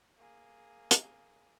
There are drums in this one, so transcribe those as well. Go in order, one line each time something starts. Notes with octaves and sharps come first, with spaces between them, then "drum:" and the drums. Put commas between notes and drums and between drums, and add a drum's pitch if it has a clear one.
A#3 G#4
drum: hi-hat